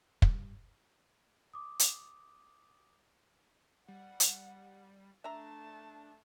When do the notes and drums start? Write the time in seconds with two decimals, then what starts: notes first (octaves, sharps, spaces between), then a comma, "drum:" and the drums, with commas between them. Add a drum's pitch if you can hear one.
0.22 G2, drum: kick
1.54 D6 D#6
1.79 drum: hi-hat
3.88 G3 F#5
4.20 drum: hi-hat
5.24 A3 D4 E5 A5 A#5